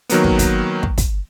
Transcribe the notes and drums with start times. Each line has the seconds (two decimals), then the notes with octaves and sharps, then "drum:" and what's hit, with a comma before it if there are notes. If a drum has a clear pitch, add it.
0.09 D#3 F#3 A#3 B3, drum: hi-hat
0.24 drum: kick
0.39 drum: kick, hi-hat
0.83 drum: kick
0.98 drum: kick, hi-hat